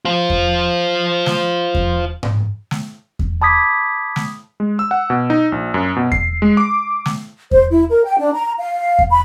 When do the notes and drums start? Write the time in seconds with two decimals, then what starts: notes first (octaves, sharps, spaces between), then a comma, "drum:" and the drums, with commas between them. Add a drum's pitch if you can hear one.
0.05 F4 C5
0.30 drum: kick E2
1.26 drum: snare
1.74 drum: kick E2
2.23 drum: tom G#2
2.71 drum: snare
3.19 drum: kick E2
3.42 A5 B5 D6 D#6 G#6 B6
4.16 drum: snare
4.60 G#3
4.79 E6
4.91 F#5
5.10 B2
5.30 D#4
5.52 A#1
5.74 F#2
5.96 B2
6.12 C7, drum: kick E2
6.42 G#3
6.57 D6
7.06 drum: snare
7.51 C5, drum: kick E2
7.71 E4
7.90 A#4
8.05 G5
8.19 D4
8.33 A#5
8.59 F5
8.99 drum: kick E2
9.10 B5